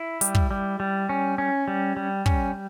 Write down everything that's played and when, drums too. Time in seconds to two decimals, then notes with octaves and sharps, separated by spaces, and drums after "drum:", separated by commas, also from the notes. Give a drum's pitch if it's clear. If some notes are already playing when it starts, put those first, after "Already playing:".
Already playing: E4
0.21 G3, drum: hi-hat
0.35 drum: kick
0.51 G3
0.80 G3
1.09 C#4
1.38 C#4
1.68 G3
1.97 G3
2.26 C#4, drum: kick